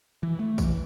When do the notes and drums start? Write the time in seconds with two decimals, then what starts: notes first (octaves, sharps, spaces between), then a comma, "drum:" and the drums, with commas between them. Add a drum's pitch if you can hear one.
0.23 E3
0.39 A3
0.58 E3, drum: kick, tambourine